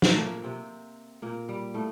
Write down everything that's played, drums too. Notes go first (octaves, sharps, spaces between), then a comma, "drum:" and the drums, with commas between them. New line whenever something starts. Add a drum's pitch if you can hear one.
drum: snare
A3
A#2 A#3
C3 C4
A#2 A#3
G3
A2 A3